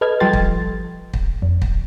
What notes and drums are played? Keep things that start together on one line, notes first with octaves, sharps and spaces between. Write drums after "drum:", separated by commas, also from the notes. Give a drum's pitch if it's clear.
A4 B4 D#5 F6 G#6
F3 G3 A4 G5 C6 A6
drum: kick
drum: kick
F2
drum: kick